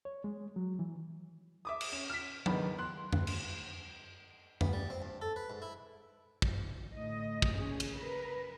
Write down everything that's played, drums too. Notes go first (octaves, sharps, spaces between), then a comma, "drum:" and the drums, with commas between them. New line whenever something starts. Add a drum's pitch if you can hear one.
C#5
G#3
F#3
E3
E5 D6 D#6
drum: cymbal
C#4
F6 B6
C#2 G2 D#3 B3 B5, drum: tom F#3
C6 F#6
drum: tom F2
drum: cymbal
B3, drum: tom F2
G3
C4
G2
A4
B4
G#2
E4
drum: kick
A2 D3 D#5
drum: kick
A#2 C#3 C#4 G#4
drum: cymbal
A#4 B4